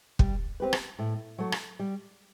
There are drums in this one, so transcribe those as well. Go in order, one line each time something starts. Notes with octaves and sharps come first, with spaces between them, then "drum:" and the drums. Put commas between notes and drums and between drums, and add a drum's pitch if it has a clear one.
G3, drum: kick
C4 G4 B4
drum: rim click
A2
F#3 A3
drum: rim click
G3